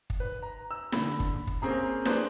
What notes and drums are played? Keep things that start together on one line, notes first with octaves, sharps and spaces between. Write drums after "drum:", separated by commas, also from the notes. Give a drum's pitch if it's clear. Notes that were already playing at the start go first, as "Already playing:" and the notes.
drum: kick
B4
A#5
E6
D3 B5, drum: snare
drum: kick
drum: kick
A#3 C4 C#4 G#4 A#5
D4 G#4 B4 C5, drum: snare